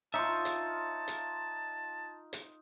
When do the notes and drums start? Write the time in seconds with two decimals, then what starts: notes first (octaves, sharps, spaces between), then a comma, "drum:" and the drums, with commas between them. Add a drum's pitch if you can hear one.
0.14 D#4 F4 C#5 E5 A5
0.45 drum: hi-hat
1.08 drum: hi-hat
2.33 drum: hi-hat